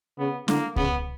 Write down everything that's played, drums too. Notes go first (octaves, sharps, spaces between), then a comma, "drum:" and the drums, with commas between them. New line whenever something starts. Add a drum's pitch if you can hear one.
C#3 B3
D3 A#3, drum: snare
C#3 B3, drum: kick C#2